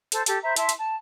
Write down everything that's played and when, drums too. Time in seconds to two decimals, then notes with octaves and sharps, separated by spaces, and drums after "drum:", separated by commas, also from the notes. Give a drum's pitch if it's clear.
0.12 A4 C5, drum: hi-hat
0.26 G4 A4, drum: hi-hat
0.43 C5 E5 A#5 B5
0.56 E4 E5 A5 C6, drum: hi-hat
0.69 drum: hi-hat
0.78 A5